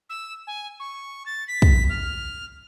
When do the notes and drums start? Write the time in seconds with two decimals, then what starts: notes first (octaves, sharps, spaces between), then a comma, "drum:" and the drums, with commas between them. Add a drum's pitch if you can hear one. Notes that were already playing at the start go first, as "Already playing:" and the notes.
0.10 E6
0.47 G#5
0.80 C#6
1.26 A6
1.48 B6
1.62 drum: kick
1.89 F6